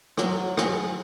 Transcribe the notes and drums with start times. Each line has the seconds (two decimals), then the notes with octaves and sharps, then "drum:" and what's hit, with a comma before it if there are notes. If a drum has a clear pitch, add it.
0.17 F#3, drum: rim click
0.57 G#4, drum: rim click